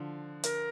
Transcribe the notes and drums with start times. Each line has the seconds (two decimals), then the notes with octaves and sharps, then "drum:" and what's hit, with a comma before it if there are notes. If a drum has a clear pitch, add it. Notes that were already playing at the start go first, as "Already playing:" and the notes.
Already playing: D3 F3
0.44 A#4, drum: hi-hat